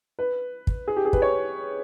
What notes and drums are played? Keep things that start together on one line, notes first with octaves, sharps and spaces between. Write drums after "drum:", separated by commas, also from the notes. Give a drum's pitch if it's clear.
B4
drum: kick
G#4
G4
G#4
B4, drum: kick
C#5